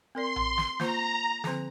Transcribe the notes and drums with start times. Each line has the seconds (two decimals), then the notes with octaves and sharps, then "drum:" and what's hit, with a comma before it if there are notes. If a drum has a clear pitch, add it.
0.15 C4 A#4 D5 C6
0.36 drum: tom A#1
0.58 drum: snare
0.80 A#3 F4 C5 A#5, drum: snare
1.44 D3 F3 C4, drum: snare